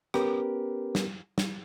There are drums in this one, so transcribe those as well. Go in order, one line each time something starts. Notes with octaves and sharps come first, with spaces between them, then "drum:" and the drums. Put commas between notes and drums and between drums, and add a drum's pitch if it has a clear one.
B3 C#4 G4 A#4 B4, drum: rim click
drum: snare
drum: snare